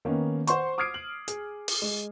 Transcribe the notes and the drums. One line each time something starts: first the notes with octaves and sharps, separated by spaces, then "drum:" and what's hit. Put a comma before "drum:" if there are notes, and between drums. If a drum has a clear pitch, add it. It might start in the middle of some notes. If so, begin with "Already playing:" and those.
D#3 A#3 B3 C#4 D#4
C5 F#5 C6 C#6, drum: hi-hat
D6 D#6 F6 G#6 C7 D7
F#7
G#4, drum: hi-hat
drum: open hi-hat
G#3